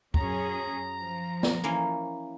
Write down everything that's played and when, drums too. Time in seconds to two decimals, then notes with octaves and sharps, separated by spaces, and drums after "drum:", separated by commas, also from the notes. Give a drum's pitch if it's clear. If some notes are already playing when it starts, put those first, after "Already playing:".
0.14 F#2 C#4 G#4 A#5, drum: kick
0.98 F3
1.43 drum: snare
1.64 E3 A#3 C#4